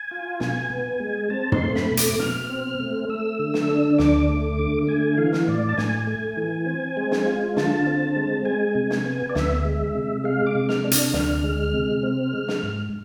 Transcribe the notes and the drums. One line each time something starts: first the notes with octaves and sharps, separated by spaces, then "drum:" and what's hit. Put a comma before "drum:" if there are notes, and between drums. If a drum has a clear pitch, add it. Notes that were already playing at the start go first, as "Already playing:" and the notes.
Already playing: G#5
F4
B2 G#5, drum: snare
B3
G#3
C4 A5
C6, drum: tom
A3
B5, drum: snare
B2
D6, drum: hi-hat
B2 F6, drum: snare
C4
A3
A3 E6
D3
drum: snare
D4
D2 D6, drum: snare
A3
D3
A3 G#5
E3 F5
drum: snare
A2 D5
A5
A2 G#5, drum: snare
A3
E3
C4
G#3
drum: snare
F4
D3 A5, drum: snare
C4
G#3
G#3 G#5
C3
drum: snare
B3
D5
D2 E5, drum: snare
G#3
C3
G#3 F5
D6
C3
F6, drum: snare
D4
F6, drum: hi-hat
D2, drum: snare
G#3
C3
C4
G#3
drum: snare
G#2